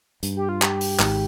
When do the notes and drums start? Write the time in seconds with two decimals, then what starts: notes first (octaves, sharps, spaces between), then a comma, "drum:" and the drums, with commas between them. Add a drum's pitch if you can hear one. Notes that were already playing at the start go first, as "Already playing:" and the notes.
0.23 G2, drum: hi-hat
0.36 G4
0.49 F4
0.62 G4, drum: clap
0.81 drum: open hi-hat
0.99 G#1 G#2, drum: clap